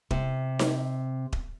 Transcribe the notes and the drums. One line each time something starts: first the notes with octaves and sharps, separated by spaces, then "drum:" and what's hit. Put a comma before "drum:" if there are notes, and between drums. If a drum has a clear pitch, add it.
C3, drum: kick D#1
drum: snare D#4
drum: kick D#1